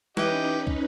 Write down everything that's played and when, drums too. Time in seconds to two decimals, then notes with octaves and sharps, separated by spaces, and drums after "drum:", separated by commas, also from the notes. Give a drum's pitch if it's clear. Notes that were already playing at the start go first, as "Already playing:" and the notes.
0.17 E3 C#4 D#4 G4 B4 D#5, drum: snare
0.67 drum: kick